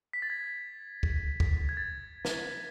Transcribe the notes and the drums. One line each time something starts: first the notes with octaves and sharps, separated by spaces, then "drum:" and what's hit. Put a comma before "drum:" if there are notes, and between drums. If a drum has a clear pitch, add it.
B6
A6
G#6
drum: kick
drum: kick
G#6
A6
drum: snare